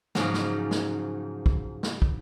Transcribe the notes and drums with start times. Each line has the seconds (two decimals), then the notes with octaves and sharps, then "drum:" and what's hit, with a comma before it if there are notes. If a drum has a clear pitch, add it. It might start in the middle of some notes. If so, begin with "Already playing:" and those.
0.15 G#2 C#3 F3 F#3, drum: snare
0.34 drum: snare
0.71 drum: snare
1.46 drum: kick
1.83 drum: snare
2.02 drum: kick